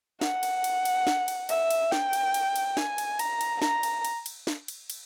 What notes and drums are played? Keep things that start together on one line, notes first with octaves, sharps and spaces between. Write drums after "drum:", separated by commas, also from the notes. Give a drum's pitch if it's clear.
F#5, drum: snare
drum: cymbal
drum: cymbal
drum: cymbal
drum: snare
drum: cymbal
E5, drum: cymbal
drum: cymbal
G5, drum: snare
drum: cymbal
drum: cymbal
drum: cymbal
G#5, drum: snare
drum: cymbal
A#5, drum: cymbal
drum: cymbal
A#5, drum: snare
drum: cymbal
drum: cymbal
drum: cymbal
drum: snare
drum: cymbal
drum: cymbal